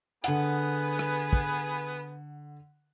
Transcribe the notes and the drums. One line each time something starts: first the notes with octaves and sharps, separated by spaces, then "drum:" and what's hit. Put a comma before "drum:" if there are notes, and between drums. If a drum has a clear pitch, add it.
D3 B3 G#4 B4 F#5, drum: hi-hat
drum: rim click
drum: kick